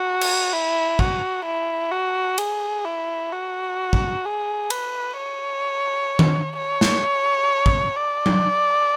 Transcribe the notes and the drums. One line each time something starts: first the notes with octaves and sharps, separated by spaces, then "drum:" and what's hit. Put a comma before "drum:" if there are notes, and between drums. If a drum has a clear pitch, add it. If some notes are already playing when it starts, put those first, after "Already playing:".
Already playing: F#4
drum: cymbal
E4
F#4, drum: kick
E4
F#4
G#4, drum: cymbal
E4
F#4
drum: kick
G#4
B4, drum: cymbal
C#5
drum: tom D#3
C#5
drum: snare
drum: kick
D5
drum: tom F#3